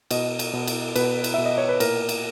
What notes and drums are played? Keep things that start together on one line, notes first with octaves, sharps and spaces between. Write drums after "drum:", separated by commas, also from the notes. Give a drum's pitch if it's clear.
B2 D#5, drum: cymbal
drum: cymbal
B2
drum: cymbal
B2 B4, drum: cymbal
drum: cymbal
B2 E5
D#5
C#5
B4
A#2 A#4, drum: cymbal
drum: cymbal